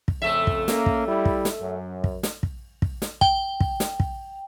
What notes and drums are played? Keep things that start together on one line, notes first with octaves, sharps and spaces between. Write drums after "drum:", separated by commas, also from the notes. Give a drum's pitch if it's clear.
drum: kick
F2 C#3 A3 E5
drum: kick
A#3 C#4, drum: snare
drum: kick
G3 E4
drum: kick
drum: snare
F#2
drum: kick
drum: snare
drum: kick
drum: kick
drum: snare
G5, drum: kick
drum: kick
drum: snare
drum: kick